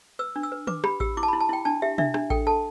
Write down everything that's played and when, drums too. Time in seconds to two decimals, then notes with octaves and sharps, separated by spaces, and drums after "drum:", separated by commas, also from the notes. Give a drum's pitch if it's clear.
0.19 B4 E6
0.36 D4
0.43 E6
0.52 B4
0.67 B4 D6, drum: tom
0.84 G4 B5, drum: rim click
1.00 G4 E6, drum: kick A1
1.17 E4 D6
1.23 A5
1.28 E4 B5
1.40 A5
1.49 E4 G5
1.65 D4 A5
1.82 G4 E5
1.98 D4 E5, drum: tom
2.14 D4, drum: rim click
2.30 A4 G5, drum: kick A1
2.47 A4 A5